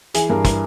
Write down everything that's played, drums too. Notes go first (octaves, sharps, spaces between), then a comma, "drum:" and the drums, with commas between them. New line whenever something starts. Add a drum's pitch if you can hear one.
E3 G#4, drum: hi-hat
G2 A#4
E3, drum: kick, hi-hat